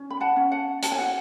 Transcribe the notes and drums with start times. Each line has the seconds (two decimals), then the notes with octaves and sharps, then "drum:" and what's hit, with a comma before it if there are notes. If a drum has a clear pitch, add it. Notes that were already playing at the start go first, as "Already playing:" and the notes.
Already playing: C#4
0.10 B5
0.20 F#5 A5
0.36 C#4
0.52 F#5 A5
0.83 F#4 A5, drum: hi-hat
0.91 G#5
0.98 F#5